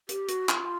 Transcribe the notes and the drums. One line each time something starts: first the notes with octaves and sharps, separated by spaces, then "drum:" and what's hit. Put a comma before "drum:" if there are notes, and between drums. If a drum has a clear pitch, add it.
G4, drum: hi-hat
F#4, drum: hi-hat
F4, drum: clap